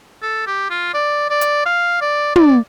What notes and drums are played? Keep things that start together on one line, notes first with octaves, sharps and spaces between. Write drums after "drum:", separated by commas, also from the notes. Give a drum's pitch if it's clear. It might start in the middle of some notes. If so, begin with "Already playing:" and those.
A4
G4
F4
D5
D5
drum: hi-hat
F5
D5
D5, drum: tom